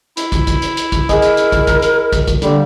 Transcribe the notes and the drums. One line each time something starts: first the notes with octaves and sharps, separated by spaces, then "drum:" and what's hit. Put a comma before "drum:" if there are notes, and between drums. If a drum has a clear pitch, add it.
E4, drum: hi-hat
drum: kick, hi-hat
drum: kick, hi-hat
drum: hi-hat
drum: hi-hat
drum: kick, hi-hat
G#4 A#4 D#5, drum: kick, hi-hat
drum: hi-hat
drum: hi-hat
drum: kick, hi-hat
drum: kick, hi-hat
drum: hi-hat
drum: kick, hi-hat
drum: kick, hi-hat
D3 G3 A#3, drum: hi-hat